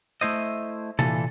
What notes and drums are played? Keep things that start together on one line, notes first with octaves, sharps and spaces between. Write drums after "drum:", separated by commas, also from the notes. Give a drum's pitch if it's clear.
A3 E4 C5 D#5
A#2 E3 A4, drum: tom C3